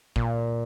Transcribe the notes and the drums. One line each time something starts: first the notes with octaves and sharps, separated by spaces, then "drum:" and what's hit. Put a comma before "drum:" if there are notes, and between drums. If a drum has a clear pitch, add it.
A#2, drum: kick